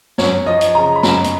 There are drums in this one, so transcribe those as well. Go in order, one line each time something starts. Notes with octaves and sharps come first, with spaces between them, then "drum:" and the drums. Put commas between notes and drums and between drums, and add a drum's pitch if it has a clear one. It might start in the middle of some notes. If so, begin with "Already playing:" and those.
F#2 C#5, drum: snare
F3 D#5
drum: hi-hat
C#3 A#5
B5
F#2 A#5, drum: snare
drum: hi-hat